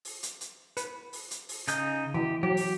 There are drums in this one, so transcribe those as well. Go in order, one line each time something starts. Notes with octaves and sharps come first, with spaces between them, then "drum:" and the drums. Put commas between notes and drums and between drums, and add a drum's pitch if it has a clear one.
drum: open hi-hat
drum: hi-hat
drum: hi-hat
B4, drum: hi-hat
drum: open hi-hat
drum: hi-hat
drum: open hi-hat
C#3 D#4 G6, drum: hi-hat
E3 G4
F#3 G4
drum: open hi-hat